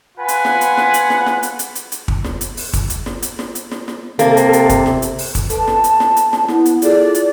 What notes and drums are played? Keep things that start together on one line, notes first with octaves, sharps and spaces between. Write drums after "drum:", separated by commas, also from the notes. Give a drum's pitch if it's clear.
F4 B4 F#5 G#5
drum: hi-hat
drum: snare
drum: hi-hat
drum: snare
drum: hi-hat
drum: snare
drum: snare
drum: hi-hat
drum: hi-hat
drum: hi-hat
drum: hi-hat
drum: kick
drum: snare
drum: hi-hat
drum: open hi-hat
drum: kick, hi-hat
drum: hi-hat
drum: snare
drum: hi-hat
drum: snare
drum: hi-hat
drum: snare
drum: snare
C3 A#3 A4, drum: hi-hat
drum: hi-hat
drum: hi-hat
drum: kick, hi-hat
drum: snare
drum: hi-hat
drum: open hi-hat
drum: kick, hi-hat
A4 B4 A5, drum: hi-hat
drum: snare
drum: hi-hat
drum: snare
drum: hi-hat
drum: snare
B3 E4, drum: snare
drum: hi-hat
F4 G#4 A4 D5, drum: hi-hat
drum: hi-hat